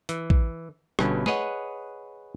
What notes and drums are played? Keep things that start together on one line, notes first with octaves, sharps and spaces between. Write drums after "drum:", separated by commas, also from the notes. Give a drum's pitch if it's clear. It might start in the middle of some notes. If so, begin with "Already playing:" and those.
E3, drum: hi-hat
drum: kick
G1 G2 B2 C#4, drum: rim click
G#4 B4 C#5 D#5 F#5, drum: snare